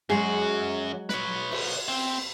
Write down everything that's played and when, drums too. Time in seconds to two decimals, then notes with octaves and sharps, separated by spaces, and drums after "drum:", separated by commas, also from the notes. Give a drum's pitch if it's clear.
0.10 F#2 F#3 G#3 F#4 G#4
1.09 B4 C#5, drum: snare
1.51 drum: cymbal
1.88 C4